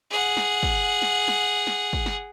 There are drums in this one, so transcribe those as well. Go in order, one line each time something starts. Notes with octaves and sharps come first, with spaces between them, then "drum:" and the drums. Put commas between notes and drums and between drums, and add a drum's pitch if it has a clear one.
G#4 F#5
drum: snare
drum: kick
drum: snare
drum: snare
drum: snare
drum: kick
drum: snare